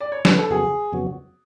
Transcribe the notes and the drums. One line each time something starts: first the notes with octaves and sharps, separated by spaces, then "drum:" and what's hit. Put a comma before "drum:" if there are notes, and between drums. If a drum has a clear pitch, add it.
D5
C#5
B4, drum: snare
A4
F2 C#3 F#3 B3 F#4 G#4
F2 C#3 F#3 B3 F#4